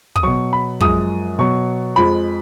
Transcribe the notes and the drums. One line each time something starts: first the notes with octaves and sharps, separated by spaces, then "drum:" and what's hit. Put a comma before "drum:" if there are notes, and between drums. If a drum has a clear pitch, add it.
D#6, drum: kick
B2 F#3 C#6
B5
F#2 F3 G#3 D#6, drum: kick
B2 F#3 C#6
F2 F3 G#3 B5